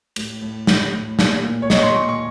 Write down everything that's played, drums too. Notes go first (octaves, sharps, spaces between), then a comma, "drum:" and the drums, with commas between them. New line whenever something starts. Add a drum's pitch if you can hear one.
A2, drum: cymbal
A2
A2, drum: snare
A2
A#2, drum: snare
A#2
C#5
A#2 D#5, drum: snare
C#6
C6
A#2 C#6
C#6